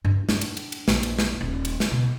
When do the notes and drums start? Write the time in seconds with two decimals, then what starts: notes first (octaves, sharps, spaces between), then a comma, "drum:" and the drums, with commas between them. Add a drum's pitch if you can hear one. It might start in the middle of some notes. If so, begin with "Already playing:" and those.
0.05 G2
0.29 D4, drum: snare
0.41 drum: cymbal
0.57 drum: cymbal
0.72 drum: cymbal
0.88 A#1, drum: snare
1.03 drum: cymbal
1.19 drum: snare
1.41 D#1
1.65 drum: cymbal
1.80 drum: snare
1.91 B2